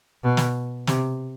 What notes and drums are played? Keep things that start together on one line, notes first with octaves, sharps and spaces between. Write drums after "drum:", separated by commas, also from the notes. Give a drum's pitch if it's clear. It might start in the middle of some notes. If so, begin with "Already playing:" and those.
B2
drum: snare
C3, drum: snare